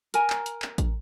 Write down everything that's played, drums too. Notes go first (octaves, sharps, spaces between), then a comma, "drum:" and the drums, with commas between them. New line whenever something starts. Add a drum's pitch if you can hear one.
A#4 G#5 A#5, drum: hi-hat
drum: clap
drum: hi-hat
drum: clap
drum: kick, hi-hat